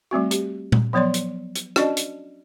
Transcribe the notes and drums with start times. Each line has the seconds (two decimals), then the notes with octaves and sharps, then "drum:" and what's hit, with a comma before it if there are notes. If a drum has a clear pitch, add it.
0.11 G3 A3 C4 F#4
0.31 G4, drum: hi-hat
0.72 drum: tom A#2
0.93 F3 F#3 B3 C#5 D5 C6
1.14 drum: hi-hat
1.55 drum: hi-hat
1.76 C#4 D4 F#4 D5 D#5, drum: rim click
1.97 drum: hi-hat